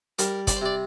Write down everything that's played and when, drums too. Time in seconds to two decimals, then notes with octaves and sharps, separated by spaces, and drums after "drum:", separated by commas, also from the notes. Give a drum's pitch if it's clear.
0.19 G3 A#4, drum: hi-hat
0.47 D5, drum: kick, hi-hat
0.56 C5
0.61 C3 D5